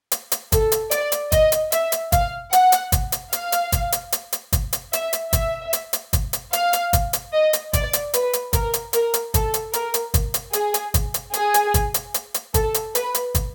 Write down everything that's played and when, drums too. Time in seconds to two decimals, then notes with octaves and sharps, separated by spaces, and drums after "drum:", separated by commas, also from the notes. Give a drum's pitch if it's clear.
0.11 drum: hi-hat
0.32 drum: hi-hat
0.52 A4, drum: kick, hi-hat
0.72 drum: hi-hat
0.91 D5, drum: hi-hat
1.12 drum: hi-hat
1.32 D#5, drum: kick, hi-hat
1.52 drum: hi-hat
1.72 E5, drum: hi-hat
1.92 drum: hi-hat
2.12 F5, drum: kick, hi-hat
2.53 F#5, drum: hi-hat
2.72 drum: hi-hat
2.92 drum: kick, hi-hat
3.12 drum: hi-hat
3.33 F5, drum: hi-hat
3.52 drum: hi-hat
3.72 drum: kick, hi-hat
3.92 drum: hi-hat
4.12 drum: hi-hat
4.32 drum: hi-hat
4.53 drum: kick, hi-hat
4.73 drum: hi-hat
4.93 E5, drum: hi-hat
5.13 drum: hi-hat
5.33 E5, drum: kick, hi-hat
5.73 drum: hi-hat
5.93 drum: hi-hat
6.13 drum: kick, hi-hat
6.33 drum: hi-hat
6.53 F5, drum: hi-hat
6.73 drum: hi-hat
6.93 drum: kick, hi-hat
7.13 drum: hi-hat
7.33 D#5
7.53 drum: hi-hat
7.73 D5, drum: kick, hi-hat
7.93 drum: hi-hat
8.14 B4, drum: hi-hat
8.33 drum: hi-hat
8.53 A#4, drum: kick, hi-hat
8.73 drum: hi-hat
8.93 A#4, drum: hi-hat
9.14 drum: hi-hat
9.34 A4, drum: kick, hi-hat
9.54 drum: hi-hat
9.73 A#4, drum: hi-hat
9.94 drum: hi-hat
10.14 drum: kick, hi-hat
10.34 drum: hi-hat
10.53 G#4, drum: hi-hat
10.74 drum: hi-hat
10.94 drum: kick, hi-hat
11.14 drum: hi-hat
11.33 G#4, drum: hi-hat
11.54 drum: hi-hat
11.74 drum: kick, hi-hat
11.94 drum: hi-hat
12.14 drum: hi-hat
12.34 drum: hi-hat
12.54 A4, drum: kick, hi-hat
12.74 drum: hi-hat
12.95 B4, drum: hi-hat
13.14 drum: hi-hat
13.35 drum: kick, hi-hat